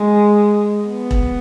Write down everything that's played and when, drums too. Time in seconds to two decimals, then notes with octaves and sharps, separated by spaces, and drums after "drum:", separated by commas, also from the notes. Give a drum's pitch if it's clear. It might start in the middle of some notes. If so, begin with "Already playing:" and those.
Already playing: G#3
0.88 B3
1.11 drum: kick E1